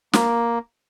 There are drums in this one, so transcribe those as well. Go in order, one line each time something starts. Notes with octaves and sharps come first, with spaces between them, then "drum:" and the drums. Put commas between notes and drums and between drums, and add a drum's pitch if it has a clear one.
A#3, drum: snare